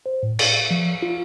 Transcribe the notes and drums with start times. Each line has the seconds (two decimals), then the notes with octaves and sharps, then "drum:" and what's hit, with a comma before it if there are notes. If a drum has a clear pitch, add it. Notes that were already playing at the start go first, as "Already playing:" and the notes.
0.06 C5
0.23 A2
0.39 A6, drum: cymbal
0.71 F3
1.02 F4